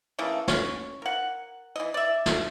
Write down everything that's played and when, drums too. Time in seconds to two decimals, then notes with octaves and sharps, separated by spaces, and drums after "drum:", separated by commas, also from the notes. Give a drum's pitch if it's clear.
0.19 C#3 E3 A3 A#3
0.48 C#4 C#5, drum: snare
1.02 A#4 F#5
1.76 E3 D#5
1.94 D5 E5
2.26 drum: snare